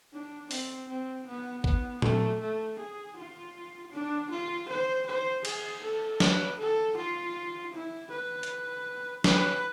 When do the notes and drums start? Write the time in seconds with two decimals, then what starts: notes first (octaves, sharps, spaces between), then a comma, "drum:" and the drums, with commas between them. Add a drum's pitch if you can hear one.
0.13 D4
0.51 C4, drum: open hi-hat
0.88 C4
1.26 B3
1.64 B3, drum: kick A1
2.02 A3, drum: tom
2.40 A3
2.78 G#4
3.16 F4
3.92 D4
4.30 F4
4.68 C5
5.06 C5
5.45 G#4, drum: cymbal
5.83 A4
6.20 B4, drum: snare
6.58 A4
6.97 F4
7.73 E4
8.11 B4
8.43 drum: hi-hat
9.24 B4, drum: snare